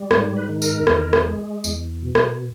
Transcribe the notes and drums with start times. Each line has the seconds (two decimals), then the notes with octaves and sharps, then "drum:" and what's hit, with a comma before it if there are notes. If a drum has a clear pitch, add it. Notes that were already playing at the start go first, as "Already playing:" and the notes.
Already playing: G3
0.11 G#2 C#5, drum: rim click
0.36 B4
0.49 D#3
0.62 A#4, drum: tambourine
0.87 E2, drum: rim click
1.13 drum: rim click
1.26 G#3
1.64 E2, drum: tambourine
2.02 B2
2.15 drum: rim click